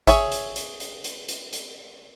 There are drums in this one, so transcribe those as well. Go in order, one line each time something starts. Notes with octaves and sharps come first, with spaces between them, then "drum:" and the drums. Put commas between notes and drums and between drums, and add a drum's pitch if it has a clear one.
G#4 C#5 E5, drum: kick A1, hi-hat
drum: hi-hat
drum: hi-hat
drum: hi-hat
drum: hi-hat
drum: hi-hat
drum: hi-hat